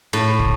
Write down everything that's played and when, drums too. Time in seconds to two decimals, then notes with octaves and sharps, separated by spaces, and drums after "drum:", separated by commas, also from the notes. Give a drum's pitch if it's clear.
0.13 A2
0.39 drum: kick